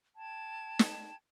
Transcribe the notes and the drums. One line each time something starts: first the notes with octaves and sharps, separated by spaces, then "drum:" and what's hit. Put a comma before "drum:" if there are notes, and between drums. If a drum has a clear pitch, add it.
G5 A5 G#6
drum: snare